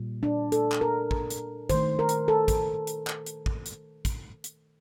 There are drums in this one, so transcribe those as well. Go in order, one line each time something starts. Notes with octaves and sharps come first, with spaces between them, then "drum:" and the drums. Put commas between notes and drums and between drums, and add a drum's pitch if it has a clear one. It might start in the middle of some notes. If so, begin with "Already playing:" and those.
Already playing: A#2 G3
D4
A4, drum: hi-hat
drum: clap
A#4
drum: kick
drum: hi-hat
D#3 A3 C5, drum: kick, hi-hat
A#4
drum: hi-hat
A4
drum: kick, hi-hat
drum: hi-hat
drum: clap
drum: hi-hat
drum: kick
drum: hi-hat
drum: kick, hi-hat
drum: hi-hat